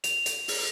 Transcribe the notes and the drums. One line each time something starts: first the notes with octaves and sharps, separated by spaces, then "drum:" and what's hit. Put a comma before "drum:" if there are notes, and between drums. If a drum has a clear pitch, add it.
F7, drum: hi-hat
drum: hi-hat
drum: open hi-hat